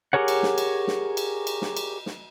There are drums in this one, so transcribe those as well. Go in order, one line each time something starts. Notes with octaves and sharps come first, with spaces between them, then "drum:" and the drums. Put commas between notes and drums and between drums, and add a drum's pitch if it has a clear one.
G4 G#4 A#4 C#5 F#5
drum: cymbal
drum: snare
drum: cymbal
drum: snare
drum: cymbal
drum: cymbal
drum: snare
drum: cymbal
drum: snare